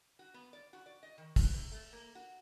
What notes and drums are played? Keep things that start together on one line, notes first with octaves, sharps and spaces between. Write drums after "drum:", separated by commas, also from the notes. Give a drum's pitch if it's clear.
F#4
B3
D5
F#4
D5
D#5
D#3
B4, drum: kick, open hi-hat
C3
A3
A#3
F#4